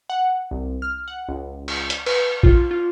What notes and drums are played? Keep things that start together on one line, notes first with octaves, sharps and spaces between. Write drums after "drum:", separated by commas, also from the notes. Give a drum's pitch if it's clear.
F#5
C2
F6
F#5
C#2
drum: cymbal
drum: hi-hat
B4, drum: cymbal
F4, drum: kick A#1
F4